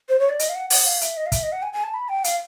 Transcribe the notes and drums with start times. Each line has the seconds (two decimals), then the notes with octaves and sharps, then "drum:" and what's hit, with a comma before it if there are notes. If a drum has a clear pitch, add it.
0.09 C5
0.19 C#5
0.29 D5
0.39 D#5, drum: hi-hat
0.49 F5
0.55 F#5
0.70 F#5, drum: open hi-hat
0.86 F5
1.01 E5, drum: hi-hat
1.17 D#5
1.26 F5
1.32 E5, drum: kick, hi-hat
1.43 D#5
1.52 F#5
1.63 G#5
1.73 G#5
1.83 A5
1.94 B5
2.09 G5
2.24 F5, drum: hi-hat